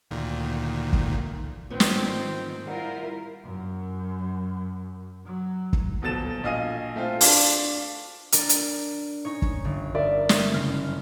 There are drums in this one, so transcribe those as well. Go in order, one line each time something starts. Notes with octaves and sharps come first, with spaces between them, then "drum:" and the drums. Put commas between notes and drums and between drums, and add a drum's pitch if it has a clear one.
D2 A#2 D#3
drum: kick
G#2 D#3 F3 B3 C4
drum: snare
G3 E4 F4 A#4 F#5
F#2
F#3
drum: kick
D#1 B2 A4 A6 E7
A#1 D#5 F5 G#5 D#7
A3 C4 F4
D4 F5 A5 C6, drum: open hi-hat
D4 A#4 D5, drum: hi-hat
drum: hi-hat
C#4 D#4 C#5
drum: kick
G1
A#4 D5 E5
drum: snare
F#1 F6